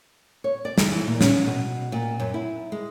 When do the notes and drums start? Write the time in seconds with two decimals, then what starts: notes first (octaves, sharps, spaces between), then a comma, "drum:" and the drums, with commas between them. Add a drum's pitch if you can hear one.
0.44 C#5
0.65 D5
0.78 drum: snare
0.92 E3
1.07 A#2
1.21 C#4, drum: snare
1.46 B2
1.92 A#2
2.20 F#2
2.34 E4
2.72 G#3